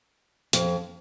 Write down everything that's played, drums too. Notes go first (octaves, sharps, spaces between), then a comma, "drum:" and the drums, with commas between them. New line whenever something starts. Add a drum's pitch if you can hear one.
F2, drum: hi-hat